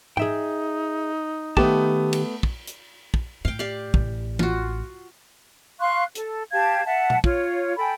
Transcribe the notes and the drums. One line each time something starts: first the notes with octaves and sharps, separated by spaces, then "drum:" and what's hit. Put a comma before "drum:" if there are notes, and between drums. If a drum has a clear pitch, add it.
D#4 G#4 E5 G5, drum: tom G#2
D#3 A3 B3 G4 A5, drum: kick
drum: cymbal
drum: kick
drum: hi-hat
drum: kick
A2 F5 G5
G4 D5 F5
A1, drum: kick
F4 F#4, drum: tom E3
F5 C6 C#6 F#6
A4, drum: hi-hat
G4 F5 A5 G#6
E5 F#5 A5
drum: tom B2
F4 C#5, drum: kick
A4 G5 G#5 B5